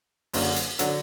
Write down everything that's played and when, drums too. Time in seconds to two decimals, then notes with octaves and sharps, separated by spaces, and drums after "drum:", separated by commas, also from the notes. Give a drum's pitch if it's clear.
0.33 F#1 F#2 D3 F#3, drum: open hi-hat
0.56 drum: hi-hat
0.79 D3 F#3, drum: hi-hat